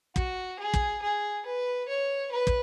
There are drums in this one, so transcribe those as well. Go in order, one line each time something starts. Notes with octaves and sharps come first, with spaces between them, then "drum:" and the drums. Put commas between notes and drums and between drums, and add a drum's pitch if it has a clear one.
F#4, drum: kick
G#4
drum: kick
G#4
B4
C#5
B4
drum: kick